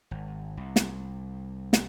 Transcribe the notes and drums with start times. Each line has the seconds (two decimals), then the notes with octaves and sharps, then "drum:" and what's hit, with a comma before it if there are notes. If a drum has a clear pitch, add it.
0.11 G#1
0.57 C2
0.76 drum: snare
1.73 drum: snare